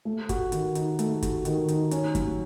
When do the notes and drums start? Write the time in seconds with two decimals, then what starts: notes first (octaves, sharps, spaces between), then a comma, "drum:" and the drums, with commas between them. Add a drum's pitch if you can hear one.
0.05 A3
0.29 F#4, drum: kick, hi-hat
0.52 D#3, drum: hi-hat
0.75 D#4, drum: hi-hat
0.99 A3, drum: hi-hat
1.23 F#4, drum: kick, hi-hat
1.45 D#3, drum: hi-hat
1.68 D#4, drum: hi-hat
1.91 C#4, drum: hi-hat
2.15 F#3, drum: kick, hi-hat